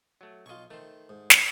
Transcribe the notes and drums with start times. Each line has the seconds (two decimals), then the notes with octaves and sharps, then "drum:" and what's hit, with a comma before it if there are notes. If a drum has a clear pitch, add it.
0.21 F#3 A3
0.46 B1 F4 D#5 C#6
0.70 D#3 A3 C5
1.09 G#2
1.30 drum: snare